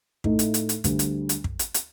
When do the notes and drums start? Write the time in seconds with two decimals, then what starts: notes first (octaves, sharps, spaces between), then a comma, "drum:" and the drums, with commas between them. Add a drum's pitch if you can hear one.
0.24 A2 A3 D#4 A4, drum: kick
0.39 drum: hi-hat
0.54 drum: hi-hat
0.69 drum: hi-hat
0.84 D2 D3 G3, drum: kick, hi-hat
0.99 drum: hi-hat
1.29 drum: hi-hat
1.44 drum: kick
1.59 drum: hi-hat
1.74 drum: hi-hat